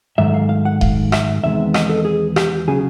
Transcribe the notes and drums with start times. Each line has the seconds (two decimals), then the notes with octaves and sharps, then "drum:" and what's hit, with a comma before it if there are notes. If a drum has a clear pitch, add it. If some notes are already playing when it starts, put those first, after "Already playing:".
0.18 G#2 D#3 F#3 A3 E5
0.34 F5
0.49 F5
0.65 F#5
0.81 F5, drum: kick D#1
1.12 E5, drum: rim click
1.43 E2 C3 D#3 G#3 B3 E5
1.74 D#5, drum: rim click
1.89 A4
2.05 G#4
2.36 G4, drum: rim click
2.68 C#3 F#3 G#4